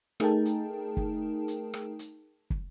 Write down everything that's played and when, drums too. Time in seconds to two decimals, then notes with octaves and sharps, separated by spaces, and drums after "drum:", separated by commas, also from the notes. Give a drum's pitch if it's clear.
0.20 A3 D#4 G#4 A#4 G5 A5, drum: rim click
0.46 drum: hi-hat
0.97 drum: kick
1.48 drum: hi-hat
1.74 drum: rim click
1.99 drum: hi-hat
2.50 drum: kick